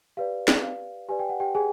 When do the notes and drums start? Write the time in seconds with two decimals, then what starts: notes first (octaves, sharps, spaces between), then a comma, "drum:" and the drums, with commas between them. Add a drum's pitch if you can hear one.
0.17 G4 B4 D5 F5
0.48 drum: snare
0.63 F5
1.09 G4 B4 D5 G#5
1.19 G5
1.29 F#5
1.40 G4 G5
1.55 G#4 G#5